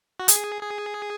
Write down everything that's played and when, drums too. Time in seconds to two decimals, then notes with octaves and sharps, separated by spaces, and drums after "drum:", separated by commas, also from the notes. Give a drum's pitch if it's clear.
0.20 F#4
0.28 G#4, drum: hi-hat
0.62 G#4